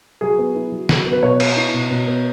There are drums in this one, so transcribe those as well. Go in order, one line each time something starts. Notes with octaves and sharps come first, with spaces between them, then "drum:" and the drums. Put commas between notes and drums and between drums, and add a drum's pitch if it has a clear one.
F#3 G#4
B3
E4
F#3
F#3, drum: snare
B3
B4
B2 C#5
B3, drum: cymbal
E4
B2
B2
B3